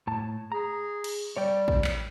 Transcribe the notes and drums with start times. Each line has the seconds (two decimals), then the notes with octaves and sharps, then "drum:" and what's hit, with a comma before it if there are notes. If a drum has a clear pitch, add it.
0.07 A2 A5
0.52 G#4 A#5
1.04 drum: cymbal
1.37 G3 C#5 D5 G5
1.68 drum: kick A1
1.84 drum: clap